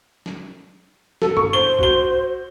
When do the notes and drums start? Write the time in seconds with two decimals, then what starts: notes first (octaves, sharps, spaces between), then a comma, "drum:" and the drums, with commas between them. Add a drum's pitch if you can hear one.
0.26 drum: snare
1.22 A4, drum: snare
1.37 C#6, drum: tom
1.53 C5 G7
1.79 F#4 G7, drum: kick B1